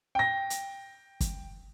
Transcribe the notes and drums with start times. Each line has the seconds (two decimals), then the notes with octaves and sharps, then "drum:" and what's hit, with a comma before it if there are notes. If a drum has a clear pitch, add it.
0.15 G5 A#6
0.50 drum: hi-hat
1.20 drum: kick, hi-hat